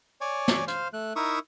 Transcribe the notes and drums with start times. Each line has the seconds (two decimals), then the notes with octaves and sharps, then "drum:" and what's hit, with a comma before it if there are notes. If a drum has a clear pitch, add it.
0.21 C#5 D5 G#5
0.48 drum: snare
0.68 C5 F5, drum: hi-hat
0.93 A3 F#6
1.16 D#4 E4 A#4 E5 C#6 D#6